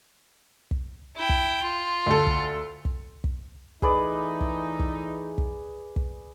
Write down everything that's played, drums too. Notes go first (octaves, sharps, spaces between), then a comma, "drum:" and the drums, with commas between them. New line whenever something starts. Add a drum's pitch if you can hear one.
drum: kick
E4 G5
drum: kick
F4
D2 A4
drum: kick
drum: kick
drum: kick
E3 A3 D#4 G#4 B4 D5, drum: kick
drum: kick
drum: kick
drum: kick
drum: kick